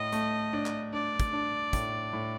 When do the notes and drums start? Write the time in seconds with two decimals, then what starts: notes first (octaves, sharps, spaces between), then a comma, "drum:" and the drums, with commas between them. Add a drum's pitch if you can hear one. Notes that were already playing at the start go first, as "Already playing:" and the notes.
Already playing: A2 D#5
0.13 A3, drum: hi-hat
0.53 D4
0.66 drum: clap
0.93 D4 D5
1.20 drum: kick, hi-hat
1.33 D4
1.73 A2, drum: kick, hi-hat
2.13 A2